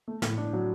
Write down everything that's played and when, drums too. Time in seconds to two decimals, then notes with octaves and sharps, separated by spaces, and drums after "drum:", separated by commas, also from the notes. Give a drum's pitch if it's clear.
0.08 A3
0.22 A2, drum: snare
0.38 D4
0.53 F#3